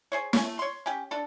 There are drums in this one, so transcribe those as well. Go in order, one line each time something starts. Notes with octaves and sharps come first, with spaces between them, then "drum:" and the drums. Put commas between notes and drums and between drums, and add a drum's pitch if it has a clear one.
G#4 C5 C#5
C#5 G#5, drum: snare
A3
C#5 C6
C#4 G4
D4 A4